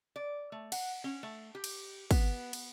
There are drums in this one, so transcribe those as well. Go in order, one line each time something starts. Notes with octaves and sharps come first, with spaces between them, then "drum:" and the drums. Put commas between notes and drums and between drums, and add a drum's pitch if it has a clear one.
D5
A3
F#5, drum: cymbal
C#4
A3
G4
drum: cymbal
B3, drum: kick, cymbal
drum: cymbal